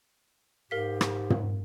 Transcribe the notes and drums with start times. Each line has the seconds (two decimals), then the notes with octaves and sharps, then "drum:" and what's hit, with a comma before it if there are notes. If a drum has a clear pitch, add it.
0.71 G#2 G4 A#4 F5 B6
1.01 drum: rim click
1.30 drum: tom